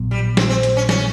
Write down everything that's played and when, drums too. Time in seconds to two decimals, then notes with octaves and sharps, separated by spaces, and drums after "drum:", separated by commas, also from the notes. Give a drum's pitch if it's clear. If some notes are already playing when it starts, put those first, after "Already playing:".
Already playing: A#1 A#2 F#3 B3
0.11 G3
0.37 C4, drum: snare
0.50 C4
0.63 drum: hi-hat
0.77 C#4
0.89 C#4, drum: snare